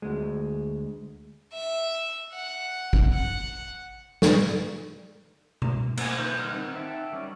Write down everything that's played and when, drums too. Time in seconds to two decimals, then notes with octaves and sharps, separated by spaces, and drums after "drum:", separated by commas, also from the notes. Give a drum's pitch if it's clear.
0.02 D2 G#3
1.54 E5
2.33 F#5
2.93 drum: kick
3.13 F#5
4.22 drum: snare
5.62 drum: tom B2
5.97 A#3 G#5, drum: cymbal
6.19 D#3 B4 C6 G6
6.38 G3 F6 F#6
6.51 D#3 C4
6.76 E5 G5 A5
7.12 D#3 G3 C#4 D5